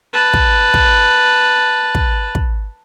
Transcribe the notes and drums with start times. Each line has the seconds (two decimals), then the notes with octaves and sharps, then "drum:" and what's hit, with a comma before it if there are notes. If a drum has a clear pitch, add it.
0.13 B4 A5
0.34 drum: kick
0.74 drum: kick
1.95 drum: kick
2.35 drum: kick